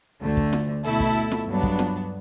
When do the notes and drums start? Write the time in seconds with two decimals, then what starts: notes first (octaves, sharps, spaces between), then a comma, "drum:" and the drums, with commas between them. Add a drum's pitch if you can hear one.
0.21 D2 D3 A3
0.37 drum: kick
0.53 drum: snare
0.84 B2 A3 E4 A4
1.00 drum: kick
1.32 drum: snare
1.47 G2 F#3 B3 D4
1.63 drum: kick
1.79 drum: snare